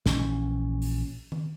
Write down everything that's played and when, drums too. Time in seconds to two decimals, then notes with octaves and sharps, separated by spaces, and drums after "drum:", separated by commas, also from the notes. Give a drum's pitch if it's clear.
0.06 A#1 E3 C#4, drum: snare
0.82 drum: open hi-hat
1.32 drum: tom D#3